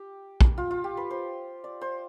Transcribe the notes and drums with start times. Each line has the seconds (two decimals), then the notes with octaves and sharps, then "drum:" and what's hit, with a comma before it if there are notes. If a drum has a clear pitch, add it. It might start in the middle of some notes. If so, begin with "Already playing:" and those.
Already playing: G4
0.41 drum: kick
0.58 F4
0.71 F4
0.84 G4
0.97 B4
1.11 C5
1.64 D5
1.81 C5